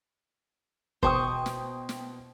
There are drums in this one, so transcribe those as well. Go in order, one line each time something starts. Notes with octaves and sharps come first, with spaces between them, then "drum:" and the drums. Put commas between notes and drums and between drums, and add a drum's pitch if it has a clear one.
B2 C5 G5 C#6 D#6, drum: kick F#1
drum: snare
drum: snare